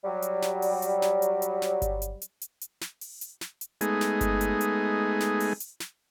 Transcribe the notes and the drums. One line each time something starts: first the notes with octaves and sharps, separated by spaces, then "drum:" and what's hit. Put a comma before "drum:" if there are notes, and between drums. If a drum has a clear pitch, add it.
F#3 G3
drum: hi-hat
drum: snare
drum: open hi-hat
drum: hi-hat
drum: snare
drum: hi-hat
drum: hi-hat
drum: snare
drum: kick G1, hi-hat
drum: hi-hat
drum: hi-hat
drum: hi-hat
drum: hi-hat
drum: snare
drum: open hi-hat
drum: hi-hat
drum: snare
drum: hi-hat
G#3 A3 B3 D#4 G#4, drum: hi-hat
drum: snare
drum: kick G1, hi-hat
drum: hi-hat
drum: hi-hat
drum: snare
drum: open hi-hat
drum: hi-hat
drum: snare